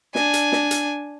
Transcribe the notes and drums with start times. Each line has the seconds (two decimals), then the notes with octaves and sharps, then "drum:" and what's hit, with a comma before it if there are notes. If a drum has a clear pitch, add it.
0.15 D4 G#5, drum: snare
0.34 drum: hi-hat
0.52 drum: snare
0.71 drum: hi-hat